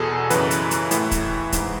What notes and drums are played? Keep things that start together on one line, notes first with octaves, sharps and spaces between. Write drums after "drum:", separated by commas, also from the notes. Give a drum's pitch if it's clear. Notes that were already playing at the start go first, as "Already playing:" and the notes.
Already playing: E2 B2 G#4 A4
F#2 C#3 E3 B4, drum: hi-hat
drum: hi-hat
drum: hi-hat
A2 E3, drum: hi-hat
drum: kick, hi-hat
G#2 E3, drum: kick, hi-hat